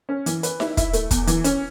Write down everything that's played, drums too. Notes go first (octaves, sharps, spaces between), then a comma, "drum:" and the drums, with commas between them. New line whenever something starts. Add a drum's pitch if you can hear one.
C#4
E3, drum: hi-hat
B4, drum: hi-hat
E4, drum: snare D#4
E4, drum: kick, hi-hat
A3, drum: hi-hat
E2, drum: kick, hi-hat
E3, drum: hi-hat
C#4, drum: hi-hat